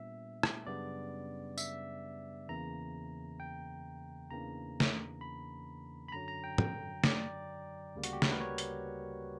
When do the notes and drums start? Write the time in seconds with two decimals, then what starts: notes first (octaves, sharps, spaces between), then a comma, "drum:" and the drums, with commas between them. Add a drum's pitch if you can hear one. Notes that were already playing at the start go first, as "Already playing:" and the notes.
Already playing: A#2 G3 B3 D4 E5
0.43 drum: rim click
0.66 F#2 C#3 G3 B3 D4 D5
1.58 E5, drum: tambourine
2.49 E2 C#3 E3 A#3 A#5
3.40 G5
4.30 E2 C#3 E3 A#3 D4 A#5
4.80 drum: snare
5.21 B5
6.08 B5
6.12 F#2 D3 F#3 A#5
6.28 A#5
6.44 G5
6.58 G5, drum: tom
7.04 D5, drum: snare
7.95 D2 C#3 G3 A#3
8.04 F#4, drum: hi-hat
8.13 G4
8.22 A#4, drum: snare
8.31 B4
8.41 C#5
8.58 drum: hi-hat